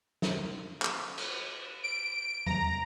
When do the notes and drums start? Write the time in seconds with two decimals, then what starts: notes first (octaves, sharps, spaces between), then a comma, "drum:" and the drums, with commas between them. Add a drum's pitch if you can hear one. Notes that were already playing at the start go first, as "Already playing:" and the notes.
0.22 drum: snare
0.82 drum: clap
1.18 drum: cymbal
1.83 D7
2.46 A#5, drum: tom E2